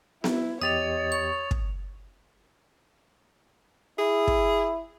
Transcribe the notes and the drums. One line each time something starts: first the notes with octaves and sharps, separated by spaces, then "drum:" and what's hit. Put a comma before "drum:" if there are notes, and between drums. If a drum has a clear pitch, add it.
E4, drum: snare B3
E2 G4 C#5 D#5 D#6 A6 F7
C#6
drum: kick
E4 G#4
drum: kick